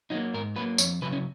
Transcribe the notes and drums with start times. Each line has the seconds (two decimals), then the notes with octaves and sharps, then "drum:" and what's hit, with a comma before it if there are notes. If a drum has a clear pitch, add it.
0.10 F#3 A#3 D#4
0.34 G#2 A#4
0.56 F#3 A#3 B4
0.78 F2 C#5, drum: tambourine
1.02 C#3 F#3 B4
1.12 C#4